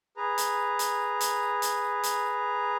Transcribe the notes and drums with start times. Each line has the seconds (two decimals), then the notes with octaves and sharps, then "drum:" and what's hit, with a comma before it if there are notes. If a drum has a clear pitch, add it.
0.17 G#4 B4 A#5
0.38 drum: hi-hat
0.79 drum: hi-hat
1.21 drum: hi-hat
1.62 drum: hi-hat
2.03 drum: hi-hat